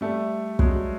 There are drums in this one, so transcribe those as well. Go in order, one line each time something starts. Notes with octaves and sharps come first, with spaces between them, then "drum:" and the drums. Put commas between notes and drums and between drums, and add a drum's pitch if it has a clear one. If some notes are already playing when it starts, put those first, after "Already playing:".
G3 A3
F#3 G#3, drum: kick